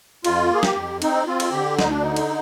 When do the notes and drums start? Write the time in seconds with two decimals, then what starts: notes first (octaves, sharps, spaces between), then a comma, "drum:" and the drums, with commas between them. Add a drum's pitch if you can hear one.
0.25 F2 F4, drum: cymbal
0.51 A#3 G#4
0.63 G4, drum: snare
0.75 F2
1.02 C4 D#4, drum: cymbal
1.27 C4 F4
1.40 drum: cymbal
1.52 D3 G4
1.79 D2 D#4, drum: snare
1.91 D4
2.02 D3 D#4
2.16 drum: cymbal